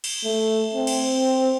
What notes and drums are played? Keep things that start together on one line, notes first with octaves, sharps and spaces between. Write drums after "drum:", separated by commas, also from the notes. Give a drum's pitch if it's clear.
drum: cymbal
A3
C4
drum: cymbal